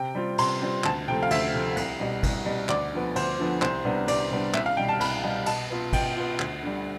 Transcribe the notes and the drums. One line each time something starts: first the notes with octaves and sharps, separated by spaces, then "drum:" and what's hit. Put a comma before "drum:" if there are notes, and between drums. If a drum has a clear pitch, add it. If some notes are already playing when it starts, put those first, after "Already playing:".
Already playing: C3 G5
G3 C4 F4
C3 C6, drum: cymbal
G3 C4 F4
D2 A5, drum: clap
C3 F3 A3 G5
F5
D2 E5, drum: cymbal
C3 F3 A3
C2, drum: cymbal
B2 G3
C2, drum: kick G#1, cymbal
B2 G3
D2 D5, drum: clap
D3 F3 B3
D2 C5, drum: cymbal
D3 F3 B3
C2 C5, drum: clap
C3 G3 B3 D4
C2 D5, drum: cymbal
C3 G3 B3 D4
C2 E5, drum: clap
F5
B2 G3 G5
A5
C2 B5, drum: cymbal
B2 G3
B2 A5, drum: cymbal
B3 F4
B2 G5, drum: kick G#1, cymbal
B3 F4
D2, drum: clap
D3 G3